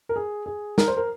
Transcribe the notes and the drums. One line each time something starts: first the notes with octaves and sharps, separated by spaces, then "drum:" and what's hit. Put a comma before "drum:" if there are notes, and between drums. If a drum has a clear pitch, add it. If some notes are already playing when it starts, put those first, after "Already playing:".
A#4
G#4
G#4
A#4, drum: snare
C5
A#4